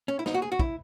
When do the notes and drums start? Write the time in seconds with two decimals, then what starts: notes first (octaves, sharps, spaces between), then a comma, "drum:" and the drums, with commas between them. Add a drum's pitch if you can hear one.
0.08 C#4
0.19 E4
0.26 D#4, drum: snare
0.34 F#4
0.42 G#4
0.52 F#4
0.59 E4, drum: kick